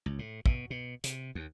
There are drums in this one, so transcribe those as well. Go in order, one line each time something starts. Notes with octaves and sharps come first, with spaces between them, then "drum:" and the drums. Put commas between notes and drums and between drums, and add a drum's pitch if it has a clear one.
C#2
A2
B2, drum: kick
B2
C3, drum: hi-hat
D#2